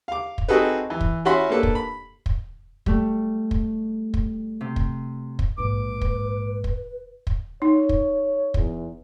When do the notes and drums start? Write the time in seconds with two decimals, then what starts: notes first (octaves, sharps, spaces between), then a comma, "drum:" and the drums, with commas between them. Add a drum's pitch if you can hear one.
0.08 F5 D6
0.38 drum: kick
0.49 C4 D#4 F#4 G#4 A4 B4
0.90 E3
1.01 drum: kick
1.25 C#4 E4 F#4 F#5 B5 C6
1.50 A#3 D4 A4 B4
1.63 drum: kick
1.75 B5
2.26 drum: kick
2.86 G3 A3, drum: kick
3.51 drum: kick
4.14 drum: kick
4.61 C3
4.76 drum: kick
5.39 drum: kick
5.58 A#1 G#2 B4 D6
6.01 drum: kick
6.64 drum: kick
7.27 drum: kick
7.62 D#4 C#5
7.89 drum: kick
8.54 E2, drum: kick